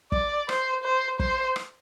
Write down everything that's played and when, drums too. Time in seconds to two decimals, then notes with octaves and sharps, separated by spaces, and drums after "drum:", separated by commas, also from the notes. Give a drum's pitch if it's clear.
0.12 D5, drum: kick
0.49 C5, drum: rim click
0.84 C5
1.19 C5, drum: kick
1.56 drum: rim click